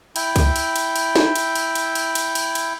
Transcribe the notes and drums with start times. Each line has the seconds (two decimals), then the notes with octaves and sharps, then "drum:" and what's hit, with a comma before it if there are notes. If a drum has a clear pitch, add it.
0.16 E4 G5, drum: cymbal
0.36 drum: kick C#2, cymbal
0.56 drum: cymbal
0.76 drum: cymbal
0.96 drum: cymbal
1.16 drum: snare
1.36 drum: cymbal
1.55 drum: cymbal
1.75 drum: cymbal
1.95 drum: cymbal
2.15 drum: cymbal
2.35 drum: cymbal
2.55 drum: cymbal